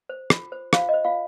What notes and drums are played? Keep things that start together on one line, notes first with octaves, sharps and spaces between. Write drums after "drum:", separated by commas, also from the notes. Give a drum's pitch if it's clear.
C5
F4, drum: rim click
C5
F4 C5 F5, drum: rim click
D#5
C5
F4 F5